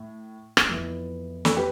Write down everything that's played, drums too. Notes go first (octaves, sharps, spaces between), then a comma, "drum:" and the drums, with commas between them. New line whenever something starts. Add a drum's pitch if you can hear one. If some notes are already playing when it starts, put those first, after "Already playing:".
Already playing: A2
drum: rim click
F2 E3 B3
A4, drum: snare
G4 B4